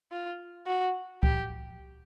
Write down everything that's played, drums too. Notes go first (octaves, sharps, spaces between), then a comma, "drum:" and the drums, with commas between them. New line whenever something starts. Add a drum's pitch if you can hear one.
F4
F#4
G4, drum: kick C#2